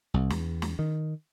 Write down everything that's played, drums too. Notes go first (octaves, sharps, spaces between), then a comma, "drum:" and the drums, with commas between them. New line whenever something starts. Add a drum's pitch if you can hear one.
C2
E2, drum: snare
drum: snare
D#3